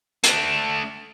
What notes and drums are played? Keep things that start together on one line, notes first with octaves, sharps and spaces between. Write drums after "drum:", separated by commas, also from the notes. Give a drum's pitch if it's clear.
A3 D4, drum: hi-hat